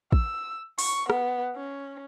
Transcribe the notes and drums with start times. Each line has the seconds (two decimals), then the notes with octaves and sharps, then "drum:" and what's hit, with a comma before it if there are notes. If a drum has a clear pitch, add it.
0.12 E6, drum: kick
0.79 C#6, drum: open hi-hat
1.10 B3, drum: rim click
1.56 C#4